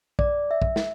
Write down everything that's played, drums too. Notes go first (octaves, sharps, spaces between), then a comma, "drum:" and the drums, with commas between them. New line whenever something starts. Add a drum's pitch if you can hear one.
D5, drum: kick
E5
drum: kick
drum: snare